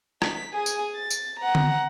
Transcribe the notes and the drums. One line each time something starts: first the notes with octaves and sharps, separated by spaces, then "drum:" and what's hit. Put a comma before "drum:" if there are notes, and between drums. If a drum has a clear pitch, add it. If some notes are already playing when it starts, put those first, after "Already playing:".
B6, drum: rim click
G#4 G#5
drum: tambourine
A6
drum: tambourine
F#5 A#5
drum: tom D3